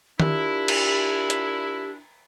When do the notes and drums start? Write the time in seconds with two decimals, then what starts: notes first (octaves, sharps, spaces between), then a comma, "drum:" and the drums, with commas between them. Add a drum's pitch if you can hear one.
0.20 A#2 D4 E4 G4, drum: tom D#3
0.68 drum: cymbal
1.30 drum: hi-hat